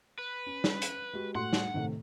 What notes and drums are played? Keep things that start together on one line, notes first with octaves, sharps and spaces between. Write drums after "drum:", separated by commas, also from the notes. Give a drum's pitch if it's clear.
B4
C#4
drum: snare
drum: hi-hat
G#3 F#4 G4
A2 F#4 F#5 C6
drum: snare
A2 C3 D#3